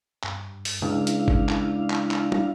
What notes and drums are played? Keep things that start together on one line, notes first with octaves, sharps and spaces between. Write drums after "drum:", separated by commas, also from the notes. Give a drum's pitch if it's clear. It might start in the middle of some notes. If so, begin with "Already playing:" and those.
G2, drum: clap
drum: open hi-hat
C#2 D4 E4 F5
drum: hi-hat
drum: kick G1
drum: clap
drum: clap
drum: clap
drum: tom